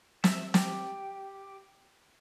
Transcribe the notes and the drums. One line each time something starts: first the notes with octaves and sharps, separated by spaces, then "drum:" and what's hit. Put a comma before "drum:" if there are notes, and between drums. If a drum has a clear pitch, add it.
E5, drum: snare
G4, drum: snare